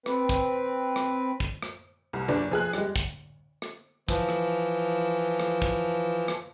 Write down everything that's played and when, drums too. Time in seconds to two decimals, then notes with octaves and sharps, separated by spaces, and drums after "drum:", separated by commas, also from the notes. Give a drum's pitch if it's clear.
0.06 C4 B4, drum: rim click
0.29 drum: kick
0.96 drum: rim click
1.40 drum: kick
1.62 drum: rim click
2.13 C2
2.28 F#1 D4
2.51 F3 G#4 F#6
2.73 G3 G#3, drum: rim click
2.96 drum: kick
3.62 drum: rim click
4.09 E3 F3, drum: kick
4.29 drum: rim click
5.40 drum: rim click
5.62 drum: kick
6.28 drum: rim click